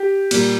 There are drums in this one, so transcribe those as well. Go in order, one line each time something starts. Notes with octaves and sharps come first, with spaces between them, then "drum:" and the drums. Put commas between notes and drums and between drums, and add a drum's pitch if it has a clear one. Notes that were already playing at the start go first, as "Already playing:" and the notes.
Already playing: G4
A#2 G3 A#3, drum: cymbal